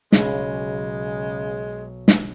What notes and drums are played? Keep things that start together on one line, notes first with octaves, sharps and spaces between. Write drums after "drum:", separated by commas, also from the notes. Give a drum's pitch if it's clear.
B1 C#3 G#3, drum: snare
drum: snare